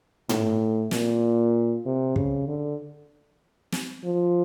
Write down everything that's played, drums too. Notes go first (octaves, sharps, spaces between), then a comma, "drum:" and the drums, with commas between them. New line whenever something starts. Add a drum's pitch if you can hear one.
A2, drum: tom
A#2, drum: snare
C3
C#3, drum: kick
D3
drum: snare
F3